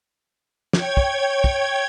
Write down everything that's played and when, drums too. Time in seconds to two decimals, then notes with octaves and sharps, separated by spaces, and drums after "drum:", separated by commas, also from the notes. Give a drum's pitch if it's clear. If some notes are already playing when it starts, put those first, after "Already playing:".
0.73 C#5 G5 G#6, drum: snare
0.97 drum: kick
1.44 drum: kick